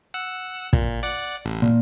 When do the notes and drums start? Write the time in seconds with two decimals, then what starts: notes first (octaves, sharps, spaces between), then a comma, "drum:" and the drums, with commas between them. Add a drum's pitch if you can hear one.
0.14 F#5 E6
0.73 A#2, drum: kick
1.03 D5 F#5
1.45 A1
1.62 A#2